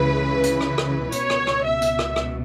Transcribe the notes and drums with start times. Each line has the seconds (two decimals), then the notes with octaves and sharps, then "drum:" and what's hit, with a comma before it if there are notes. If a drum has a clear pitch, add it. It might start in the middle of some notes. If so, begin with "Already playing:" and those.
Already playing: C#2 C#3 E3 B4
0.43 drum: hi-hat
0.61 drum: rim click
0.78 drum: rim click
1.12 C#2 B2 C#5, drum: hi-hat
1.30 drum: rim click
1.47 drum: rim click
1.64 E5
1.82 drum: hi-hat
1.99 drum: rim click
2.16 drum: rim click